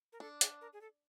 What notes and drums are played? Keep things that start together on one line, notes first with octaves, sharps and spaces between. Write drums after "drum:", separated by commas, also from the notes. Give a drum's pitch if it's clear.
A#4
D4 A4
G#4, drum: hi-hat
A#4
G#4
A4